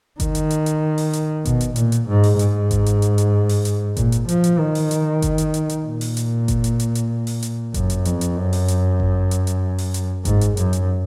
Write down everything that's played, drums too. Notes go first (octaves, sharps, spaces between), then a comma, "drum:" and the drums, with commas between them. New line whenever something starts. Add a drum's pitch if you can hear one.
D#3, drum: kick G1, hi-hat
drum: hi-hat
drum: hi-hat
drum: hi-hat
drum: open hi-hat
drum: hi-hat
B2, drum: kick G1, hi-hat
drum: hi-hat
A#2, drum: hi-hat
drum: hi-hat
G#2
drum: open hi-hat
G#2, drum: hi-hat
drum: kick G1, hi-hat
drum: hi-hat
drum: hi-hat
drum: hi-hat
drum: open hi-hat
drum: hi-hat
A#2, drum: kick G1, hi-hat
drum: hi-hat
F3, drum: hi-hat
drum: hi-hat
D#3
drum: open hi-hat
drum: hi-hat
drum: kick G1, hi-hat
drum: hi-hat
drum: hi-hat
drum: hi-hat
A#2
drum: open hi-hat
drum: hi-hat
drum: kick G1, hi-hat
drum: hi-hat
drum: hi-hat
drum: hi-hat
drum: open hi-hat
drum: hi-hat
F#2, drum: kick G1, hi-hat
drum: hi-hat
F2, drum: hi-hat
drum: hi-hat
F#2
drum: open hi-hat
drum: hi-hat
drum: kick G1
drum: hi-hat
drum: hi-hat
drum: open hi-hat
drum: hi-hat
G#2, drum: kick G1, hi-hat
drum: hi-hat
F#2, drum: hi-hat
drum: hi-hat